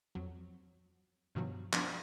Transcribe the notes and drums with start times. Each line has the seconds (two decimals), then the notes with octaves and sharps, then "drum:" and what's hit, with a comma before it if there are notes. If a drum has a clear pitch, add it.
0.15 F2 F#3
1.35 G2 B2 D#3 F3 F#3
1.73 F3 B3 C4 D4 F4, drum: clap